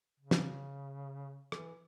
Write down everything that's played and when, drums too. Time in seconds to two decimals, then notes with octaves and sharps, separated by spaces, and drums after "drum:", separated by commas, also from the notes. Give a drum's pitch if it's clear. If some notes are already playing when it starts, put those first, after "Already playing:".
0.20 C#3
0.31 drum: snare
1.52 E3, drum: rim click